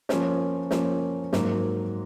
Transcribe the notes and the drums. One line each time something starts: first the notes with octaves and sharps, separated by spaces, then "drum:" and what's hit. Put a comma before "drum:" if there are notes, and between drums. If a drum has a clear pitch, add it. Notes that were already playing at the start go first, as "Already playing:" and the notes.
F3 A#3 C#4, drum: snare
F3 A#3 C#4, drum: snare
G#2 F#3 A#3, drum: snare